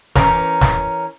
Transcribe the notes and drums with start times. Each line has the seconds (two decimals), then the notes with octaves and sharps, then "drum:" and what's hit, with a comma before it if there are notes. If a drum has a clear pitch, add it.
0.15 E3 C#4 A#4, drum: snare
0.61 drum: snare